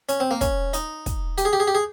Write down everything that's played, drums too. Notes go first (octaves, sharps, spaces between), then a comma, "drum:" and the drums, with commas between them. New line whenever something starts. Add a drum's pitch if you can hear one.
C#4, drum: hi-hat
C4
A#3
C#4, drum: kick, hi-hat
D#4, drum: hi-hat
drum: kick, hi-hat
G4, drum: hi-hat
G#4
G4
G#4
G4
G#4